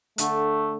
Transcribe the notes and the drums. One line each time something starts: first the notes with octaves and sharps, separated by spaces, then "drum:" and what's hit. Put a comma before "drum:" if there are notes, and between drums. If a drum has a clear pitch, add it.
D3 A3, drum: hi-hat